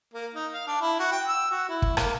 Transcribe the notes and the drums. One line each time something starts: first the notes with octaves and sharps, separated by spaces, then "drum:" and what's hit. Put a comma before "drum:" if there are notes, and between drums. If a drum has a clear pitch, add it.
A#3
D#4
F5
D4
E4
F#4
G5
E6
F#4
E4
drum: kick
A#3, drum: rim click